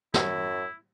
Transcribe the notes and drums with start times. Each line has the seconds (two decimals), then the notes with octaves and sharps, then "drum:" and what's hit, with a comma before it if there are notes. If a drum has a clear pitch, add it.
0.14 F#2 E4, drum: snare